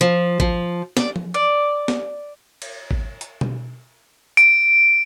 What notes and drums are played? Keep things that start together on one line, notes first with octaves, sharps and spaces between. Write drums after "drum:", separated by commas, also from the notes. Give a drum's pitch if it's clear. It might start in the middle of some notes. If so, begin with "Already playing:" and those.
F3
F3, drum: kick G#1
D5, drum: snare
drum: tom F3
D5
drum: snare
drum: cymbal
drum: kick G#1
drum: hi-hat
drum: tom B2
D7, drum: hi-hat